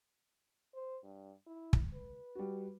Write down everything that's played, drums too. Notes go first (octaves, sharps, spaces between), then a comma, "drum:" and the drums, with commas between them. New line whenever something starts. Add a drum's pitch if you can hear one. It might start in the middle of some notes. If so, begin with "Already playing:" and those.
C5
G2
E4
drum: kick
B4
G3 F#4